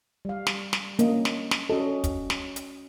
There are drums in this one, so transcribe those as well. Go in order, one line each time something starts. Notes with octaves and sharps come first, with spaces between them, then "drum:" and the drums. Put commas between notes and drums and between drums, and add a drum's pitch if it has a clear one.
G3 F5
drum: snare
drum: snare
A#3 C#4 D4 D#5, drum: hi-hat
drum: snare
drum: snare
C#4 F#4 A4 D#5
drum: kick, hi-hat
drum: snare
drum: hi-hat